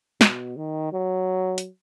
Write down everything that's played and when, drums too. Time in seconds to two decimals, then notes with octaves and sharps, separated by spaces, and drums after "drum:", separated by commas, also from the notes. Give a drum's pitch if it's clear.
0.21 B2, drum: snare
0.57 D#3
0.93 F#3
1.58 drum: hi-hat